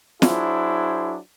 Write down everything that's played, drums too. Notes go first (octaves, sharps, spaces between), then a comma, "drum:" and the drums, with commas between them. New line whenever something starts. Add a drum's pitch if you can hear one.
F#3 D4 E4 G#4 C5, drum: snare